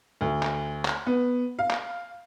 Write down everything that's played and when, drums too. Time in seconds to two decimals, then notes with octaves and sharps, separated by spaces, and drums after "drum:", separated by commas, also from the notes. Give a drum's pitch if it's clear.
0.21 D2
0.43 drum: clap
0.85 drum: clap
1.06 B3
1.59 F5
1.70 drum: clap